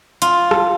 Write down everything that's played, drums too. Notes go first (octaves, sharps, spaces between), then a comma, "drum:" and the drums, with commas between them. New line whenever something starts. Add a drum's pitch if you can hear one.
F4, drum: hi-hat
drum: rim click